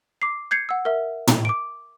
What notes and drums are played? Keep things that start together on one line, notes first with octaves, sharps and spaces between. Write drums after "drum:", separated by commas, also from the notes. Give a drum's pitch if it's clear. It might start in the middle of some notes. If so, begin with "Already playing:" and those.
D6 C7
G6 G#6 C7 C#7
F#5 E6
A#4 E5
drum: tom
D6 D7